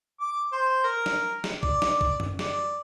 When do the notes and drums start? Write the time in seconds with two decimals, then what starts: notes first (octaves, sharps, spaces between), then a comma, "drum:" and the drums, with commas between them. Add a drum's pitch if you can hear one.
0.21 D6
0.53 C5
0.84 A#4
1.06 drum: snare
1.44 drum: snare
1.63 D5, drum: kick A#1
1.82 drum: snare
2.01 drum: kick A#1
2.20 drum: tom F#2
2.39 D5, drum: snare